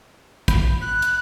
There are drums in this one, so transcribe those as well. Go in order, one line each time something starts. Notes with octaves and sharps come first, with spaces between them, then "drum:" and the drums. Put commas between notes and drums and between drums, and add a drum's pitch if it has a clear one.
B5 G6, drum: kick, hi-hat
F#6
drum: hi-hat